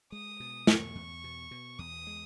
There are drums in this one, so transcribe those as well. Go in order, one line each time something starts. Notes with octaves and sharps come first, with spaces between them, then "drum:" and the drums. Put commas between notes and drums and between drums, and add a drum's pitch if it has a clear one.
G#3 D#6
B2
E2 C#6, drum: snare
E2
B2
B2
E2 D#6
G#3